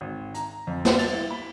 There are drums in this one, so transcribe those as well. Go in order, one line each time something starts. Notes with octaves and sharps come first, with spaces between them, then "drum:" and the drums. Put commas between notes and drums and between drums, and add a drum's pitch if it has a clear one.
G#1
A#5, drum: hi-hat
F2
G3, drum: snare
A6, drum: cymbal
E4
B5